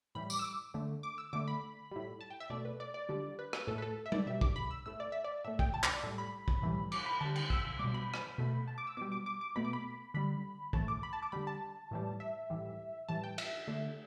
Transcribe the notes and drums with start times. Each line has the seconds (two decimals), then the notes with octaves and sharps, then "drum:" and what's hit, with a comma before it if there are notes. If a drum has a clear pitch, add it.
0.15 A2 E3 G3 B5
0.30 D6, drum: tambourine
0.39 E6
0.44 D6
0.74 D3 A3
1.03 D6
1.18 E6
1.33 D3 A3 D6
1.48 B5
1.91 A2 G3
2.21 A5
2.30 G5
2.40 E5
2.50 B2 A3 D5
2.65 B4
2.80 D5
2.94 D5
3.09 D3 G3
3.39 B4
3.53 B4, drum: rim click
3.67 A2 A3 A4
3.78 B4
3.82 A4
4.06 E5
4.12 D5, drum: tom G3
4.26 B2 G3 E5
4.41 D6, drum: kick
4.56 B5
4.71 E6
4.86 A2 A3 E6
5.00 D5
5.12 E5
5.24 D5
5.44 A2 A3 E5
5.59 G5, drum: kick
5.74 A5
5.84 B5, drum: clap
5.93 D5
6.03 A2 G3 A4
6.18 B5
6.48 drum: kick
6.62 A2 E3 G3
6.92 D6, drum: cymbal
7.06 B5
7.21 D3 G3 A5
7.36 G5, drum: cymbal
7.50 E6, drum: kick
7.79 B2 G3 D6
7.94 B5
8.14 drum: rim click
8.38 B2 A3
8.68 A5
8.78 D6
8.87 E6
8.97 B2 G3 D6
9.12 D6
9.26 D6
9.41 D6
9.56 B2 A3 B5
9.65 D6
9.73 B5
10.14 D3 G3 B5
10.73 A2 E3 A3 A5, drum: kick
10.88 D6
11.03 B5
11.13 A5
11.22 D6
11.32 D3 G3 B5
11.47 A5
11.91 A2 E3 G3
12.20 E5
12.50 A2 E3 G3
13.09 A2 E3 G3 A5
13.24 G5
13.38 E5, drum: cymbal
13.68 D3 A3